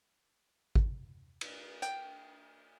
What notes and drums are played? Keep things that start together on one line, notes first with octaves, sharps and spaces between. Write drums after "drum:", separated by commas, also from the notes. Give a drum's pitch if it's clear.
drum: kick G#1
drum: cymbal
G5, drum: hi-hat